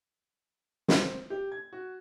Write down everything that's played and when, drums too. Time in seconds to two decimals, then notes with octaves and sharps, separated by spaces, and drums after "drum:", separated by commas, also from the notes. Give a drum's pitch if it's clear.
0.88 C4, drum: snare
1.30 G4
1.52 G#6
1.73 F#4